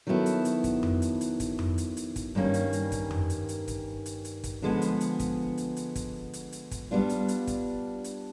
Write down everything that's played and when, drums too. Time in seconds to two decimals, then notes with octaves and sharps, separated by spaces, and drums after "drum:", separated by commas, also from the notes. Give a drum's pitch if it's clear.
0.07 D#3 F#3 B3 E4 A4
0.26 drum: hi-hat
0.45 drum: hi-hat
0.64 drum: kick, hi-hat
0.83 drum: tom F2
1.02 drum: hi-hat
1.21 drum: hi-hat
1.40 drum: kick, hi-hat
1.59 drum: tom F2
1.78 drum: hi-hat
1.97 drum: hi-hat
2.16 drum: kick, hi-hat
2.35 G2 D#3 G3 A#3 C#4
2.54 drum: hi-hat
2.73 drum: hi-hat
2.92 drum: kick, hi-hat
3.11 drum: tom F2
3.30 drum: hi-hat
3.49 drum: hi-hat
3.68 drum: kick, hi-hat
4.06 drum: hi-hat
4.25 drum: hi-hat
4.44 drum: kick, hi-hat
4.62 D3 F3 G#3 B3
4.82 drum: hi-hat
5.01 drum: hi-hat
5.20 drum: kick, hi-hat
5.58 drum: hi-hat
5.76 drum: hi-hat
5.95 drum: kick, hi-hat
6.33 drum: hi-hat
6.52 drum: hi-hat
6.71 drum: kick, hi-hat
6.91 G3 B3 D4 F4
7.09 drum: hi-hat
7.28 drum: hi-hat
7.47 drum: kick, hi-hat
8.04 drum: hi-hat